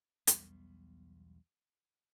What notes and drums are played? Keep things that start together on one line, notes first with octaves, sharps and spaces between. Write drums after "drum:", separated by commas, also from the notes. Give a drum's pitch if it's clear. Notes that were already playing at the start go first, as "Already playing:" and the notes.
B1 E2 G3 B3, drum: hi-hat